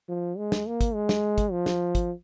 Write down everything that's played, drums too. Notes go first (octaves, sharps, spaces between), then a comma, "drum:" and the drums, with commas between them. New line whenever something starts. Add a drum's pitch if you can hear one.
F3
G#3
drum: snare
A#3
drum: kick, hi-hat
G#3
drum: snare
drum: kick, hi-hat
F3
drum: snare
drum: kick, hi-hat